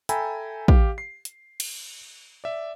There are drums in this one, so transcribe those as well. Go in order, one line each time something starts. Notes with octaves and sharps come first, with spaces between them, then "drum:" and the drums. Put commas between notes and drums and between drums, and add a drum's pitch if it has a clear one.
A4 E5 G5 G#5 A#5 B5, drum: hi-hat
G4 F5, drum: kick
C7
drum: hi-hat
drum: cymbal
D5 E5